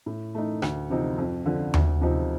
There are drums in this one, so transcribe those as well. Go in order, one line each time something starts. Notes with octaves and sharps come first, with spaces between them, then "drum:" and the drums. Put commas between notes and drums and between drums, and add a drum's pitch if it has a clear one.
A2
A3 D#4
D2, drum: rim click
C3 F3 C4 D#4
F2
D3 F3
D2, drum: tom D#2
C3 F3 C4 D#4